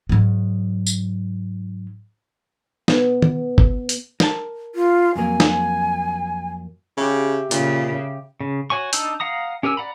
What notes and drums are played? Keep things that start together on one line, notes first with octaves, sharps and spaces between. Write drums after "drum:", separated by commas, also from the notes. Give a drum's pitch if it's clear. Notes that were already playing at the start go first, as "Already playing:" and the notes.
G#2 F#3
drum: tambourine
B3, drum: snare
drum: tom
drum: kick G1
drum: hi-hat
A#4 A5, drum: snare
F4
F2 F#3 A#3 G#5
drum: snare
C#3 G4 E5
A#2 C#3, drum: hi-hat
C#3
F#4 C#5 G#5 C#6
D4 D#4 A5 E6 G6, drum: hi-hat
F5 F#5 A#5 D#6
C#4 G4 A#4 G#5 E6
D5 F#5 A#5 B5